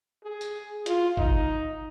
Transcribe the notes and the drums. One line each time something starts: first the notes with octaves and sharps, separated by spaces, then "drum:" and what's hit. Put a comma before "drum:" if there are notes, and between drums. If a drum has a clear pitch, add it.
G#4
drum: tambourine
F4, drum: hi-hat
D#4, drum: kick